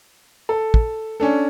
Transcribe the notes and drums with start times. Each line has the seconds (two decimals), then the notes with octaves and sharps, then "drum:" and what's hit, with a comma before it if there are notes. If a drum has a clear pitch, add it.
0.49 A4
0.74 drum: kick
1.20 C#4 D4 A4